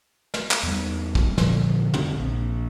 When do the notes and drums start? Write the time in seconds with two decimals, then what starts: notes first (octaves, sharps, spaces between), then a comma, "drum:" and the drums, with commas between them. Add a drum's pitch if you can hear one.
0.34 drum: snare
0.51 drum: clap
0.63 E2 G3
1.15 drum: kick
1.38 A#2 D3 F3 G3, drum: snare
1.94 F1 D3 C4, drum: tom
2.17 A#1